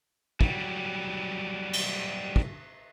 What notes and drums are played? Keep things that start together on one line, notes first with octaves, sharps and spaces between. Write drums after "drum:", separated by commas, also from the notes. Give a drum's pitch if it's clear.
F#3 G3, drum: kick
drum: cymbal
drum: kick